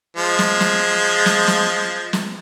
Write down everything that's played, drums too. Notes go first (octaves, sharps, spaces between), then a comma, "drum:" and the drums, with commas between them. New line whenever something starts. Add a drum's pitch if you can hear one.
F3 G#3
drum: snare
drum: snare
drum: snare
drum: snare
drum: snare